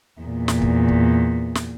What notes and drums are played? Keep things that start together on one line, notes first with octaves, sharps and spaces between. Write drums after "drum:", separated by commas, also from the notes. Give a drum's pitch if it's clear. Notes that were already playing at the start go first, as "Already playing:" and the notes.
E2 A#2
drum: snare
drum: kick
drum: kick
drum: snare